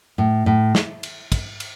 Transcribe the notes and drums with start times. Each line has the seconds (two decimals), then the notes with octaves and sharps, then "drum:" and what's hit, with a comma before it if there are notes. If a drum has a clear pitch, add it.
0.18 A2
0.46 A2
0.75 drum: snare
1.03 drum: cymbal
1.32 drum: kick, cymbal
1.60 drum: cymbal